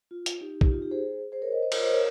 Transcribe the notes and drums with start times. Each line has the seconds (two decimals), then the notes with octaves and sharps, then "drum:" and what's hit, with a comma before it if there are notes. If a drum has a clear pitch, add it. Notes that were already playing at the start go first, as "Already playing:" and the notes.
0.11 F4
0.26 drum: hi-hat
0.41 D#4 G4
0.61 D#4 G4, drum: kick B1
0.71 F4
0.81 D#4 G4
0.91 G#4 C5
1.32 G#4 C5
1.42 A#4 C#5
1.52 C5 D#5
1.62 C5 D#5
1.72 A#4 C#5, drum: cymbal
1.82 C5 D#5
1.92 A#4 C#5